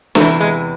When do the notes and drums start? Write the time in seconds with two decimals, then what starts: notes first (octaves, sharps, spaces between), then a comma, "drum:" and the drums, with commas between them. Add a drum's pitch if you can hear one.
0.15 E2 C3 E3 A3, drum: snare
0.41 G#3